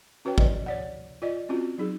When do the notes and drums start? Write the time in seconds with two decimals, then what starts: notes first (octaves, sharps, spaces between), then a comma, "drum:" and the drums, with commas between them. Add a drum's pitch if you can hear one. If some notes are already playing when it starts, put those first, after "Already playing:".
0.25 C#4 F#4 B4 C#5 G5
0.38 F3 B4 D5 D#5, drum: kick G#1
0.66 C#5 D5 F#5
1.22 F4 D5 D#5
1.49 C4 C#4 F4 F#4
1.78 F#3 D#4 G#4